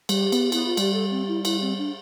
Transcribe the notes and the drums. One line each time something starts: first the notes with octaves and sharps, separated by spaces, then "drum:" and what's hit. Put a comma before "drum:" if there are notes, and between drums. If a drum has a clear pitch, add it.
G3 G4, drum: cymbal
B3, drum: cymbal
B3 E4, drum: cymbal
F4
G3 G4, drum: cymbal
A4
C4
E4
E4, drum: cymbal
C4
D4